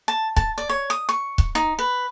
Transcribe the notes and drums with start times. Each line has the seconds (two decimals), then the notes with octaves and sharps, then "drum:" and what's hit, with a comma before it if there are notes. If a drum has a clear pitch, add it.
0.08 A5
0.36 A5, drum: kick C#1
0.58 D5
0.69 C#5
0.90 D#6
1.09 C#6
1.38 drum: kick C#1
1.55 D#4
1.79 B4